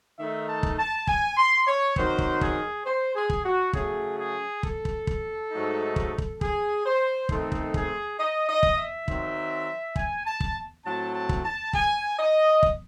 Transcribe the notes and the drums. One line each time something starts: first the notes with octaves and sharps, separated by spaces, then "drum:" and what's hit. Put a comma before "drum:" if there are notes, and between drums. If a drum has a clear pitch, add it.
D#3 A3 D#4 E5
A5
drum: kick
A5
G#5, drum: kick
C6
C#5
D#3 F#3 C4 C5, drum: kick
drum: kick
G#4, drum: kick
C5
G#4
drum: kick
F#4
C#3 F#3 A3 G#4, drum: kick
G#4
A4, drum: kick
drum: kick
drum: kick
G#2 F#3 A3 D#4
drum: kick
drum: kick
G#4, drum: kick
C5
D#3 A3 C4 D#4 A4, drum: kick
drum: kick
G#4, drum: kick
D#5
D#5
drum: kick
E5
D#3 F#3 C4, drum: kick
G#5, drum: kick
A5
drum: kick
A2 F#3 C4 A5
A5
drum: kick
A5
G#5, drum: kick
D#5
drum: kick